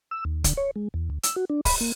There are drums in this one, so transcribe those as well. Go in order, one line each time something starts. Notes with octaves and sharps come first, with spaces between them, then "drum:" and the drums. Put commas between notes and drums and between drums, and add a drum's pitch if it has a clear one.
E6
D#2
D3, drum: kick, hi-hat
C#5
G#3
E2
D2
E6, drum: hi-hat
F#4
D4
B5, drum: kick, open hi-hat
A#3